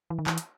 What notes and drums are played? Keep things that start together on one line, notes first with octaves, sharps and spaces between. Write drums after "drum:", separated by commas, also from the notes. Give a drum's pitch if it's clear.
E3
D#3
E3, drum: clap
drum: hi-hat